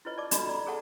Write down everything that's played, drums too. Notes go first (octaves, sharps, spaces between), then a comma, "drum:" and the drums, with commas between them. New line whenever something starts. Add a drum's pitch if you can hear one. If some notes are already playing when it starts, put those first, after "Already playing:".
E4 F4 B4 C#5 D#5
D5 A5 D6
D4 D#4 F#4 A4 D#5 B5, drum: hi-hat
D5 A#5 B5
G#4 A4 C#5 D5 F#5 A5